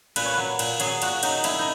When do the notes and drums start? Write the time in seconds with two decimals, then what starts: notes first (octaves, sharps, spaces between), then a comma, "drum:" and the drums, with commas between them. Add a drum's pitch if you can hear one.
0.16 A#2 B4, drum: cymbal
0.25 C#5
0.34 F#3 B4
0.59 A#2, drum: cymbal
0.80 F#3 G#4, drum: cymbal
1.02 A#2 F#4, drum: cymbal
1.23 F#3 D#4, drum: cymbal
1.44 A#2 E4, drum: cymbal
1.59 D#4